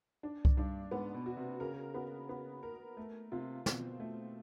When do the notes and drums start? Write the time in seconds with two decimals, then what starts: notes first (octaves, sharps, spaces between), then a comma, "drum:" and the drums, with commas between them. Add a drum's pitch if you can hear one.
0.23 D4
0.45 drum: kick C2
0.57 G2 D4
0.91 G#2 B3
1.14 B2
1.26 F#4
1.37 C3
1.60 C#3 A#4
1.94 B3
2.29 B3
2.63 A#4
2.97 A3
3.32 C3 F4
3.66 B2 C4, drum: snare
4.00 A3